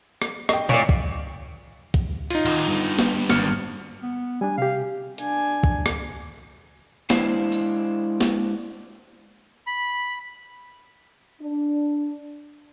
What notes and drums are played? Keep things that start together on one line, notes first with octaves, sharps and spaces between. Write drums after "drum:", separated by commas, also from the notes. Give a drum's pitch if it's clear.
drum: rim click
D#5 G5, drum: rim click
A#2 C#5 D5, drum: tom B2
drum: kick
drum: kick
D#4 F4, drum: cymbal
D#3 F#5, drum: cymbal
G2 B3
drum: snare
G#1 F6 C#7, drum: snare
B3
G3 D4 G#5
C3 G4 F5
D4 G#5, drum: hi-hat
drum: kick
drum: rim click
G#3 D4 E4 C5 F5, drum: snare
drum: open hi-hat
drum: snare
B5
D4